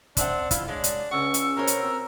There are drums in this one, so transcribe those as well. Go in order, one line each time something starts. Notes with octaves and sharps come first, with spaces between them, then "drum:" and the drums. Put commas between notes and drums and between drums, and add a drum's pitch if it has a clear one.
C3 C4 D4 F#5, drum: kick, hi-hat
E4 F4, drum: kick, hi-hat
G#3 D4 C#5 D5
drum: hi-hat
C#2 C#3 C#4 F#5 C#6 E6
drum: hi-hat
B2 A#4 C5 C#5
drum: hi-hat
C4 E6